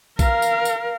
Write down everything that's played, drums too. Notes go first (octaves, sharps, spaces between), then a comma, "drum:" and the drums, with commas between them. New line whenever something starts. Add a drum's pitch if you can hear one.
A#4 F5, drum: kick A#1, tambourine
drum: tambourine
drum: tambourine